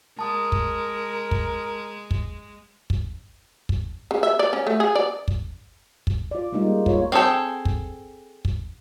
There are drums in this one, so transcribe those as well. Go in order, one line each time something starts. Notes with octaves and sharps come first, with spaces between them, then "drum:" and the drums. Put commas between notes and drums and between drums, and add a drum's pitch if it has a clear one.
G#3 A#4 A5 D#6
drum: kick
drum: kick
drum: kick
drum: kick
drum: kick
C#3
E5
D5
C#4
A3
G#4
D5
drum: kick
drum: kick
F4 D5
G3 G#3 A#3 D#4 F4
F4 C#5, drum: kick
C4 C#4 G#4 A4 G5
drum: kick
drum: kick